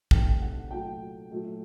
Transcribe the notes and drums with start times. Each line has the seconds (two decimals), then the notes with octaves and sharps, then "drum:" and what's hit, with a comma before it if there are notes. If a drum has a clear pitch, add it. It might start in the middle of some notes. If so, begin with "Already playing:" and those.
0.11 C3 D#3 A3 G5, drum: kick
0.42 F#5
0.71 A#2 F#3 A3 G5
1.31 A#2 F#3 A3